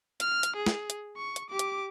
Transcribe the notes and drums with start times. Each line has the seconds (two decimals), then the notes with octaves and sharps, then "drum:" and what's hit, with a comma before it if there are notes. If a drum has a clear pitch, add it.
0.20 F6, drum: hi-hat
0.43 drum: hi-hat
0.56 G#4
0.66 drum: snare
0.90 drum: hi-hat
1.17 C#6
1.36 drum: hi-hat
1.50 G4 D6
1.59 drum: hi-hat